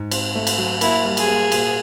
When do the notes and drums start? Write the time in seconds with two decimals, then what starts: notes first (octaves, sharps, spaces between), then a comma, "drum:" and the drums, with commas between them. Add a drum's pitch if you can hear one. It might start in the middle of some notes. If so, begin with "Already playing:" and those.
Already playing: G#2
0.11 C4, drum: cymbal
0.35 A3
0.47 drum: cymbal
0.58 F#3
0.81 A#3 E4, drum: cymbal
1.05 G3
1.17 G#4, drum: cymbal
1.29 A#3
1.52 A#2, drum: cymbal